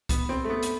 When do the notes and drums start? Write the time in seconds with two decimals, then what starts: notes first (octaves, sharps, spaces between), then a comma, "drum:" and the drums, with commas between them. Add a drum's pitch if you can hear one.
0.09 B3, drum: kick C2, hi-hat
0.29 C4
0.44 A3
0.50 B3
0.63 drum: hi-hat